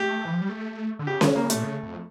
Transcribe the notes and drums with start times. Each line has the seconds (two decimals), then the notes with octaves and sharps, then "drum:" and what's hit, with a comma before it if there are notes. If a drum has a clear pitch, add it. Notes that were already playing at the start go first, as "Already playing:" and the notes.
Already playing: A3 G4
0.25 E3
0.33 F3
0.41 G3
0.49 A3
0.99 D3
1.07 C#3 G4
1.21 C#4, drum: snare C#4
1.36 A#3
1.50 A3, drum: hi-hat
1.55 A#2
1.63 C#3
1.83 F2